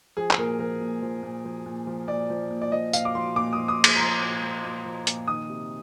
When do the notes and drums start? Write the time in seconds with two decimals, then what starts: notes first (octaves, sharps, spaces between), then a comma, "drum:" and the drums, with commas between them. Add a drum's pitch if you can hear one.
0.17 F3 G#4
0.31 G#4, drum: clap
0.38 A#2 A#4
0.59 F3 A#4
0.81 A#2
1.02 F3
1.23 A#2
1.45 F3
1.66 A#2
1.87 F3
2.08 A#2 D5
2.30 F3
2.51 A#2
2.62 D5
2.72 F3 D#5
2.93 A#2 F5, drum: tambourine
3.05 D6
3.15 F3 C6
3.36 A#2 D6
3.53 F3 D#6
3.68 D#6
3.79 A#2
3.84 D6, drum: cymbal
3.96 A#5
3.99 F3 C6
4.21 A#2
4.43 F3
4.64 A#2
4.85 F3
5.07 A#2, drum: hi-hat
5.28 D#3 D#6
5.49 C3